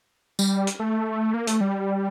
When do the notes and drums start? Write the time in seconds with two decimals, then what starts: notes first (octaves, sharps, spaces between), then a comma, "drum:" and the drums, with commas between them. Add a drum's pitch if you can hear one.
0.39 G3, drum: tambourine
0.67 drum: hi-hat
0.80 A3
1.34 A#3
1.47 A3, drum: hi-hat
1.61 G3